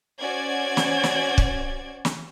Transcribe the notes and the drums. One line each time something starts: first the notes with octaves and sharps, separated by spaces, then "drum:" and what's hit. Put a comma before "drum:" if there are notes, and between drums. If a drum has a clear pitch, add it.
C#4 F#4 C5 D5 G#6
drum: snare
drum: snare
drum: kick
drum: snare